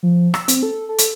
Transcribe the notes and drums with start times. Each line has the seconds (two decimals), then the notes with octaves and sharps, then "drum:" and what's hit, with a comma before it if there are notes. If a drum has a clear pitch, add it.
0.03 F3
0.34 E6, drum: rim click
0.48 C4, drum: hi-hat
0.63 A4
0.89 A4
0.98 drum: hi-hat